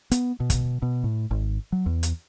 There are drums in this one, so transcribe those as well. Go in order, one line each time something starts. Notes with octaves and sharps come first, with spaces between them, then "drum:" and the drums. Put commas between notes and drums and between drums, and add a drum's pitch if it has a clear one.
B3, drum: hi-hat
B2
drum: kick, hi-hat
B2
A2
G#1
F#3
E2
drum: hi-hat